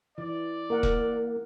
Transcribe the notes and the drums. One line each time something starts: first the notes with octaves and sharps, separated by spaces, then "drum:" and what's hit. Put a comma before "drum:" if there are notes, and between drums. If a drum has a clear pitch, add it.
E3 D5
A#3 A#4 F#5
drum: kick